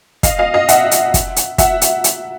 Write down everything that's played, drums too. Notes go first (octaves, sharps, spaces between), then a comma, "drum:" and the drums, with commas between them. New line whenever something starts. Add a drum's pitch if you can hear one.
D#5 F5, drum: kick, hi-hat
D#5 F5
D#5 F5
E5 F#5, drum: hi-hat
drum: hi-hat
drum: kick, hi-hat
drum: hi-hat
E5 F#5, drum: kick, hi-hat
drum: hi-hat
drum: hi-hat